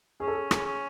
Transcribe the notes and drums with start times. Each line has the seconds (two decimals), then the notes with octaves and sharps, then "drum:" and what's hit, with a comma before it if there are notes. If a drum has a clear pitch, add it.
0.20 C#4 G#4
0.28 A4
0.35 G#4
0.51 G#4, drum: rim click
0.66 C#4